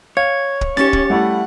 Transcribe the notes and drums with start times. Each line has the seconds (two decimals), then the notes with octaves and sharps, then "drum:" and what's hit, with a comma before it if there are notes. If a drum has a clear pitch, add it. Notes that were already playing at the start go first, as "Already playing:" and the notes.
0.17 C#5 F5 G#6
0.61 drum: kick
0.77 C#4 G4 A6, drum: snare D#4
0.93 drum: kick
1.10 G3 A3 E4 F#5